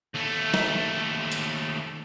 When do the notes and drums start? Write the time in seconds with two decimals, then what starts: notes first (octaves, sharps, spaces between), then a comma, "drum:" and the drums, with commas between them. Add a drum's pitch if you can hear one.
0.15 D#2 A3
0.54 drum: snare
1.32 drum: hi-hat